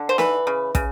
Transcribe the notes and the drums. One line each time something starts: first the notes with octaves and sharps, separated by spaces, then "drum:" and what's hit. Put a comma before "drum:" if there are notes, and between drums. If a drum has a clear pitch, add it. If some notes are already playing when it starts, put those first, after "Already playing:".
Already playing: D3
C5
E3 B4, drum: snare
C#3
C#3, drum: kick, hi-hat